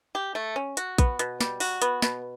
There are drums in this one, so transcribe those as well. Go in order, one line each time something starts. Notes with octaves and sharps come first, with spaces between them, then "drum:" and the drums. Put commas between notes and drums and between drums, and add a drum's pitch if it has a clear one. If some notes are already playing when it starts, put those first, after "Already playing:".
G4
A3
C#4
F#4, drum: hi-hat
B3, drum: kick A#1, hi-hat
B2, drum: hi-hat
G3, drum: snare
F#4, drum: open hi-hat
B3, drum: hi-hat
B2, drum: snare